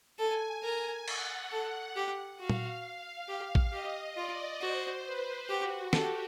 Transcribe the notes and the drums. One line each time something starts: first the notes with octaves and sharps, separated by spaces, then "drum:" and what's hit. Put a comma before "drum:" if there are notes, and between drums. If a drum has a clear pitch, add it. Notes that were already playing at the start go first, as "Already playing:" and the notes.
A4 G#5
A#4 G#5
F#5, drum: cymbal
A4
G4
F#4 F5
drum: tom A#2
F5
G4
drum: kick
G4 D#5
F4 D5
F#4 C5
B4
F#4 G4
G4 A4, drum: snare